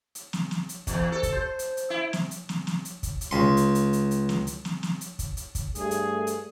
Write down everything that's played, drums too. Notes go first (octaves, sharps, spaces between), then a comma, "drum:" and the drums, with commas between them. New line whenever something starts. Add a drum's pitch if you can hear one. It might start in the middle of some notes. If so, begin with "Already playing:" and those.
drum: hi-hat
drum: snare
drum: snare
drum: hi-hat
E2, drum: kick, hi-hat
A4
drum: kick, hi-hat
C5
drum: hi-hat
drum: hi-hat
E4
drum: snare
drum: hi-hat
drum: snare
drum: snare
drum: hi-hat
drum: kick, hi-hat
drum: hi-hat
C#2 C6
drum: hi-hat
drum: hi-hat
drum: hi-hat
drum: hi-hat
drum: snare
drum: hi-hat
drum: snare
drum: snare
drum: hi-hat
drum: kick, hi-hat
drum: hi-hat
drum: kick, hi-hat
G2 A3 G#4, drum: hi-hat
drum: hi-hat
drum: hi-hat